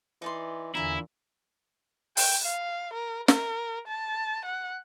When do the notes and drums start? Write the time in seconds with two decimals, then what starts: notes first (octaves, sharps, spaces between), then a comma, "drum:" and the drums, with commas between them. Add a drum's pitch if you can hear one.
0.22 E3 D#4 D5 C6
0.75 E2 A#2 D3 E4 E5 G#5 A#5
2.17 G5, drum: open hi-hat
2.46 F5
2.94 A#4
3.28 A#4, drum: snare
3.88 A5
4.45 F#5